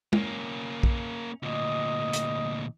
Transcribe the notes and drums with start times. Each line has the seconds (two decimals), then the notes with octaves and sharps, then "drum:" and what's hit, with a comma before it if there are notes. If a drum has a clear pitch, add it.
0.13 A#3 C#4, drum: tom
0.83 drum: kick A#1
1.43 D2 A#2 D#5
2.13 drum: hi-hat